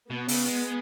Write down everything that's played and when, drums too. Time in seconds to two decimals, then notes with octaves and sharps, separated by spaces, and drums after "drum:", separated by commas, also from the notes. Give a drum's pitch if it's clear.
0.10 B2 B3
0.28 C#3, drum: open hi-hat
0.46 G#3